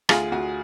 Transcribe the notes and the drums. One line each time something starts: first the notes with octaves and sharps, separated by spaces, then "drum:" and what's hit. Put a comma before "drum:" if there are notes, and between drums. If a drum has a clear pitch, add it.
D2 F4 G#4, drum: rim click
D2 F#4